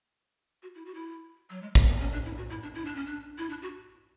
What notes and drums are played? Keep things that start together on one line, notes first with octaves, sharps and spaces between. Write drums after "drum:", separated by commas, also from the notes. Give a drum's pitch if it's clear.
F#4
E4
F#4
E4
F#3
G#3
A3, drum: kick
B3
C#4
D4
E4
F#4
E4
D4
E4
D4
C#4
D4
E4
D4
F#4